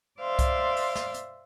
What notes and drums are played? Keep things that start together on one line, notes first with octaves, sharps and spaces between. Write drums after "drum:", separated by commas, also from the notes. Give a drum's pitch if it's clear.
C5 D5 E5 F5 C6
drum: kick C2, hi-hat
drum: open hi-hat
drum: snare
drum: hi-hat